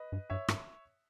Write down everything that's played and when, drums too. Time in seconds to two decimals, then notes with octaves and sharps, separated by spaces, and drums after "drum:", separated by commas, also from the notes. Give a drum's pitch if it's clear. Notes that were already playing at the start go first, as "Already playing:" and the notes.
Already playing: B4 D#5
0.12 G2
0.30 G2 C#5 E5
0.48 G#2, drum: rim click